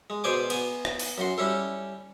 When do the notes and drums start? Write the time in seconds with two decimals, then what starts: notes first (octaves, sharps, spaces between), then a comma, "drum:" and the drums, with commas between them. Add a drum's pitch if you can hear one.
0.10 G#3
0.24 B2 G#4 C5 D5 G#5 D6
0.50 B3 G#5, drum: cymbal
0.85 drum: rim click
0.99 drum: open hi-hat
1.18 F#2 F#4 C6
1.38 G3 C#4 E4 A4